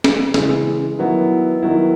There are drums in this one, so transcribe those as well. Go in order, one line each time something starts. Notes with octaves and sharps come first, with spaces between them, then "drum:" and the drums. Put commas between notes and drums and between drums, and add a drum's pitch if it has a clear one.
drum: snare
C#3 E3 G#3, drum: snare
D#3 F#3 B3 E4
D#3 F#3 B3 E4